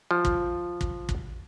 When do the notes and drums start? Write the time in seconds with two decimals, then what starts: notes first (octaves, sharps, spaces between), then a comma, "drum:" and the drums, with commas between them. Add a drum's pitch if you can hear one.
0.11 F3
0.25 drum: kick
0.81 drum: kick
1.09 drum: kick